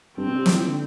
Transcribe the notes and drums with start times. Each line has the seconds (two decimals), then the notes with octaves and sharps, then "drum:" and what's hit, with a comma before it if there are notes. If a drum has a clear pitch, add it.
0.17 G2 C4
0.27 B2
0.36 C3
0.46 F3, drum: snare
0.55 E3
0.65 D3